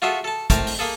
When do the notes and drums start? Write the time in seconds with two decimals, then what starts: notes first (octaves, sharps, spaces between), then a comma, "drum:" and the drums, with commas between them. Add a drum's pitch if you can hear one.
0.02 F4 F#4 G#4 A4 E5
0.24 A4 A5
0.50 A2 C4 A#4 A5, drum: kick, hi-hat
0.67 drum: open hi-hat
0.79 A#3 G#4 A4